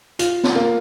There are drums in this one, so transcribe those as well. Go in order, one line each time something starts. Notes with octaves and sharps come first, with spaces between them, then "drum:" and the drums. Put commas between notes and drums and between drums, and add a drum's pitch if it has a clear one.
F4, drum: hi-hat
drum: snare
A#3